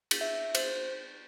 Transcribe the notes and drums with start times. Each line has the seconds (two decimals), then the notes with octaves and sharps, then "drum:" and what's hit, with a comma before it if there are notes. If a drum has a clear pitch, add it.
0.11 drum: cymbal
0.21 E5
0.55 C5, drum: cymbal